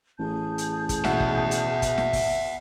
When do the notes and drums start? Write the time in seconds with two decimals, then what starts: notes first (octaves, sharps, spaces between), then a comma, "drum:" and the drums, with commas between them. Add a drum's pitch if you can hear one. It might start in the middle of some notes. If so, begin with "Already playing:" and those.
0.19 A1 G#4 A5 G6
0.58 drum: hi-hat
0.89 drum: kick, hi-hat
1.05 B2 E5 F#5, drum: snare
1.20 drum: kick
1.51 drum: hi-hat
1.82 drum: kick, hi-hat
1.98 drum: snare
2.13 drum: kick, open hi-hat